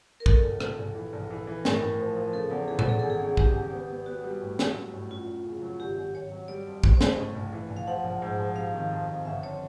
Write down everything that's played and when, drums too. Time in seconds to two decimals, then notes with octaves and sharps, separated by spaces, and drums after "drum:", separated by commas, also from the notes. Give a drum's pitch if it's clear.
0.20 A#4
0.26 A#2 A4, drum: kick
0.43 A#1
0.60 A#1, drum: rim click
0.79 A#1
0.95 E3
1.13 A#1
1.31 E3
1.47 E3
1.65 A2 A#4, drum: snare
1.81 A2
1.99 F3
2.16 F3
2.33 C#3 A4
2.51 E2
2.68 E3 G#4
2.79 A4, drum: tom A2
2.86 E2 G#4
2.99 G#1 A4
3.10 G#4
3.20 C#3
3.37 G#1 G4, drum: kick
3.54 G#1
3.73 B3
3.90 B3
4.06 B3 F#4
4.24 G3
4.41 A2
4.59 F#3, drum: snare
4.76 F#3
4.93 A2
5.11 F#2 F4
5.27 F#2
5.44 C#3
5.62 F#3
5.80 G#1 G4
5.98 G#1
6.14 G#1 C#5
6.31 F#3
6.48 G3 D5
6.67 F2
6.84 F2, drum: kick
6.95 C5
7.01 C#3, drum: snare
7.06 D#5
7.19 A2
7.35 A#1
7.53 E3
7.70 A#1
7.77 F5
7.87 F3 F#5
8.04 A#1
8.22 G#2
8.40 F3
8.56 C3 F5
8.74 D#3
8.91 F2
9.08 F2
9.25 G1 E5
9.42 F2 C#5